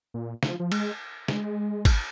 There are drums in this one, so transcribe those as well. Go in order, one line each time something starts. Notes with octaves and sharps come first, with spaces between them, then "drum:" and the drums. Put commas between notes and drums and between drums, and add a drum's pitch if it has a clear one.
A#2
F3, drum: snare
F3
G#3, drum: cymbal
G#3, drum: snare
drum: kick, cymbal